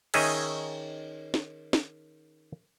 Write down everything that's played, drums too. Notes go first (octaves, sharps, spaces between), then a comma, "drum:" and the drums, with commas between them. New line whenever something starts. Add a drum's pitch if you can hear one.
D#3 C#4 G#4 D#5 E5 G#5, drum: cymbal
drum: snare
drum: snare